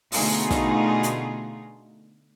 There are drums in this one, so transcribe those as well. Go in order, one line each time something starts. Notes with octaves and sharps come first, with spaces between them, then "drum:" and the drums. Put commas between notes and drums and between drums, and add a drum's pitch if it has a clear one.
B2 D3 A3 D#4 F4 G#4, drum: open hi-hat
drum: snare
drum: hi-hat